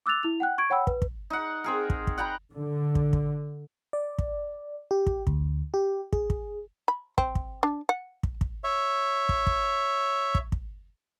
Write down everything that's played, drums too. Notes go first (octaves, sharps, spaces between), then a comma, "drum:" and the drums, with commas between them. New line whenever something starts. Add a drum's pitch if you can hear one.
D6 E6 F#6 A6 F7
E4 F7
F#5 G5 F#6
C#6 G#6 D7
C#5 F#5 G5 B5 E6
B4, drum: kick
drum: kick
D#4 F#5
C4 G#4 A#4
drum: kick
drum: kick
F#5 G5 A#5 B5
D3
drum: kick
drum: kick
D5
drum: kick
G4
drum: kick
D2, drum: kick
G4
G#4, drum: kick
drum: kick
B5
C4, drum: kick
drum: kick
D4
F#5
drum: kick
drum: kick
C#5 E5
drum: kick
drum: kick
drum: kick
drum: kick